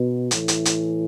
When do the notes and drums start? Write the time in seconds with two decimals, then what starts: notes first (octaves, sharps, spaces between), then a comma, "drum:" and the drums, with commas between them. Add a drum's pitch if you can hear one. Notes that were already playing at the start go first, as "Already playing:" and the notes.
Already playing: B2
0.31 A2 E3, drum: hi-hat
0.48 drum: hi-hat
0.65 drum: hi-hat